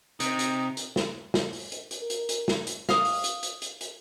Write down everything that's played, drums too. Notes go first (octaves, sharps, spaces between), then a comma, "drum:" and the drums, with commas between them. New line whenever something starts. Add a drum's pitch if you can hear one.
C3 D#4, drum: hi-hat
drum: hi-hat
drum: hi-hat
drum: snare
drum: snare
drum: open hi-hat
drum: hi-hat
drum: hi-hat
A#4
drum: hi-hat
drum: hi-hat
drum: snare
drum: hi-hat
F5 D#6, drum: snare
drum: open hi-hat
drum: hi-hat
drum: hi-hat
drum: hi-hat
drum: hi-hat